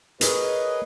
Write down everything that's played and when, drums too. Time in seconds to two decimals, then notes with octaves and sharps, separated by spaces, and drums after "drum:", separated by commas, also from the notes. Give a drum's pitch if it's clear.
0.21 G#4 A#4 B4 C#5 D#5, drum: hi-hat